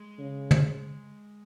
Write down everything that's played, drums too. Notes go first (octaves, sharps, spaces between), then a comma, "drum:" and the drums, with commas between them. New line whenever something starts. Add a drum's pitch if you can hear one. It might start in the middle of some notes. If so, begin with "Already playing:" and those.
Already playing: G#3
C#3
drum: tom